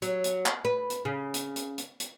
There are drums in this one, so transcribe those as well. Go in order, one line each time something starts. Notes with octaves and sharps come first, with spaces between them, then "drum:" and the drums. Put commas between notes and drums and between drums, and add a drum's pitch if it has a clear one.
F#3, drum: hi-hat
drum: hi-hat
drum: clap
B4
drum: hi-hat
C#3
drum: hi-hat
drum: hi-hat
drum: hi-hat
drum: hi-hat